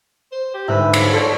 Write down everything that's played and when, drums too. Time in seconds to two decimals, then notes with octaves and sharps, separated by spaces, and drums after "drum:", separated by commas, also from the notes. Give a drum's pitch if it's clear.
0.32 C5
0.54 G4
0.68 D1 D2 G#2 G3 E4 B4 C5 E5
0.93 F3, drum: cymbal
1.13 A4 C#5 D5 C6